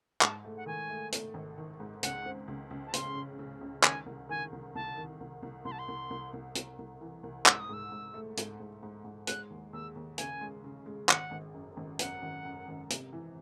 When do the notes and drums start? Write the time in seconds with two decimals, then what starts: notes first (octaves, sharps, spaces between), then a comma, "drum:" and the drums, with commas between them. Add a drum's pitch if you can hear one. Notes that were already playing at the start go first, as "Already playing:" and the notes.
0.21 G#2 A5, drum: clap
0.44 A3
0.57 F#5
0.66 D#3 G#5
0.90 A3
1.12 A3, drum: hi-hat
1.34 G#1
1.58 D#3
1.80 G#2
2.03 C#2 F#5, drum: hi-hat
2.26 C4
2.48 C#2
2.71 C#2
2.86 A5
2.93 C#3 C6, drum: hi-hat
3.15 C#3
3.39 C#3
3.61 C#2
3.83 D#3 G#5, drum: clap
4.06 C2
4.29 D#3 G#5
4.52 C2
4.75 C2 A5
4.98 D#3
5.20 C2
5.42 C2
5.65 C2 C6
5.72 A5
5.79 C6
5.88 C2
6.10 C2
6.33 C2
6.55 C2, drum: hi-hat
6.79 C2
7.01 E3
7.23 C2
7.46 G#2 E6, drum: clap
7.60 D#6
7.69 G#2 E6
7.92 G#2
8.14 A3
8.37 G#2, drum: hi-hat
8.60 G#2
8.83 G#2
9.05 G#2
9.27 G#3 F#6, drum: hi-hat
9.50 D#2
9.73 D#2 E6
9.95 D#2
10.18 C#3 G#5, drum: hi-hat
10.41 G#3
10.64 C#3
10.86 G#3
11.09 G#1 F#5, drum: clap
11.31 G#1
11.54 F#2
11.77 G#1
11.99 F#2 F#5, drum: hi-hat
12.22 G#1
12.45 F#2
12.68 G#1
12.90 C3, drum: hi-hat
13.13 E3